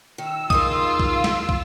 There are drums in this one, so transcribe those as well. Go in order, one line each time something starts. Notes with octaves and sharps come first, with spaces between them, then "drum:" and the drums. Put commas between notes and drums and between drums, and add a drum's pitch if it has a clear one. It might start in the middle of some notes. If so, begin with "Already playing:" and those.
D#3 E6
D#4 F4 G#4 A#4 D#6, drum: kick
drum: kick
drum: snare
drum: kick